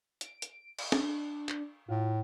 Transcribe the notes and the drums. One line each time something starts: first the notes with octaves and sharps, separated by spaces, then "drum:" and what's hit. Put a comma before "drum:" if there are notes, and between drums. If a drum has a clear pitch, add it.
D7, drum: hi-hat
drum: hi-hat
drum: cymbal
D4, drum: snare
drum: clap
A2 F4